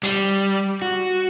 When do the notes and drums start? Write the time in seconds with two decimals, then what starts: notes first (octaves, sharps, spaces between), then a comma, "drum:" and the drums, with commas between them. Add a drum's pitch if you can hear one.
0.03 G3, drum: hi-hat
0.82 F#4